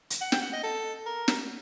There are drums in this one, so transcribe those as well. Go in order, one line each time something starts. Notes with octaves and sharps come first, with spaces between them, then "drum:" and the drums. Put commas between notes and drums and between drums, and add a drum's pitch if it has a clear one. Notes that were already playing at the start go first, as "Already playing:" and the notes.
drum: hi-hat
F#5
G5, drum: snare
F#5
D#5
A4
A#4
drum: snare